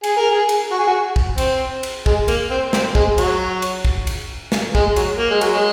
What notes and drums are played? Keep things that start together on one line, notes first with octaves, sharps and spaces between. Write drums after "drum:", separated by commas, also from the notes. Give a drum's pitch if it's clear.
G#4, drum: cymbal
A#4
G#4
drum: cymbal
F#4
G#4
F#4
drum: kick
C4, drum: cymbal
drum: cymbal
G#3, drum: kick
A#3, drum: cymbal
C4
C4, drum: snare
G#3, drum: kick
F#3, drum: cymbal
drum: cymbal
drum: kick
drum: cymbal
drum: snare
G#3, drum: kick
F#3, drum: cymbal
A#3
G#3
F#3, drum: cymbal
G#3